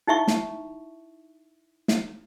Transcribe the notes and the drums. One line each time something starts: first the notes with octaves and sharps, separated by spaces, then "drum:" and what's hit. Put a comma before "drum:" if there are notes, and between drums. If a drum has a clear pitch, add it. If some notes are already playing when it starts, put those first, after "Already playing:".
D#4 E4 E5 C#6
drum: snare
drum: snare